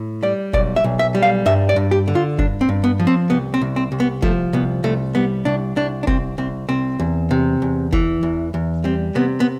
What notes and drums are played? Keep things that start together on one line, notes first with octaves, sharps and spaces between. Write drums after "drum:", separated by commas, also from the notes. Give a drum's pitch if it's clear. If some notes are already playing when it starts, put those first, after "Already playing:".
Already playing: A2
G3 D5
B1 D5, drum: kick F1
E5
B1
E5
G3
F5
G2 E5
D5
G2
G4
D3
F4
G2 D4, drum: kick F1
C4
G2
B3
F3
C4
C2 B3
C4
C2
C4
C2
B3
F3 A3, drum: kick F1
C2 B3
C2 A3
G3 B3
C2 D4
C2 D4
D4
C2 C4, drum: kick F1
C2 C4
C2 C4
E2
C3
E2
E3, drum: kick F1
E2
E2
G3 C4
C3 B3
B3